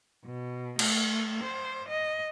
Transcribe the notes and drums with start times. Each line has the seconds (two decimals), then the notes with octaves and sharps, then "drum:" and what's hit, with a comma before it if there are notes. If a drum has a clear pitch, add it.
0.25 B2
0.79 A3, drum: cymbal
1.43 C5
1.89 D#5